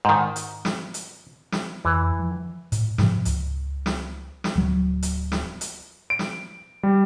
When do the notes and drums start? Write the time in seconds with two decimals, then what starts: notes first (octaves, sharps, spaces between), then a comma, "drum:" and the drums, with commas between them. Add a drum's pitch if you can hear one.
0.05 G#2 D#3
0.36 drum: hi-hat
0.65 drum: snare
0.94 drum: hi-hat
1.52 drum: snare
1.85 F2 E3
2.19 F3
2.72 A2, drum: hi-hat
2.98 G#2 C3 F3, drum: snare
3.25 C#2, drum: hi-hat
3.86 drum: snare
4.44 drum: snare
4.55 D1 F#3
5.02 drum: hi-hat
5.32 drum: snare
5.61 drum: hi-hat
6.10 D7
6.19 drum: snare
6.83 G3